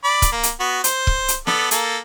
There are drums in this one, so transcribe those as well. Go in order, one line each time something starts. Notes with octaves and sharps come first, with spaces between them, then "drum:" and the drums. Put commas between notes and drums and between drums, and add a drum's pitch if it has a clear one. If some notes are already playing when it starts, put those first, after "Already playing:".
D5 B5
drum: kick, hi-hat
A#3
drum: hi-hat
B3 F#4
C5, drum: hi-hat
drum: kick
drum: hi-hat
B3 A4 D5, drum: snare
A#3 A4, drum: hi-hat